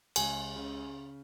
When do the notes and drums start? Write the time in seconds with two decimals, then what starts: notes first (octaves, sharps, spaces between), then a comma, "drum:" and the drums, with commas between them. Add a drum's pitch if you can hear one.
0.16 C#2 G#5, drum: cymbal
0.56 C#3